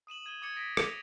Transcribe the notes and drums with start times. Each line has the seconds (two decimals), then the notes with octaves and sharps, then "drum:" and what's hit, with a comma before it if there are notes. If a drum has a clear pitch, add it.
0.07 D#6 D#7 E7 F#7
0.25 D#6 G#6 D#7 F#7 G7
0.42 D6 D#6 G#6 A6 C#7 G7
0.56 D6 D#6 A#6 B6 C#7 D7
0.77 A#6 D#7 F7 G7, drum: rim click